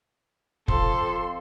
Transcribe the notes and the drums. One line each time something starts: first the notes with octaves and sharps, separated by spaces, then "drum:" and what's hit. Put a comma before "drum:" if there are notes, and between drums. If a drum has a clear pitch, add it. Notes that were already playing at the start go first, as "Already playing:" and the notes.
F2 A4 C6, drum: kick F1